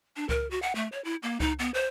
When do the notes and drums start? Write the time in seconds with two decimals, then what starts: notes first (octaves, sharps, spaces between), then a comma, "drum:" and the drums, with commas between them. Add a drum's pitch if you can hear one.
0.16 D4
0.29 A#4, drum: kick C#2
0.51 F#4
0.62 F#5
0.75 A3
0.92 C#5
1.04 E4
1.23 A#3
1.40 D#4, drum: kick C#2
1.59 B3
1.74 C5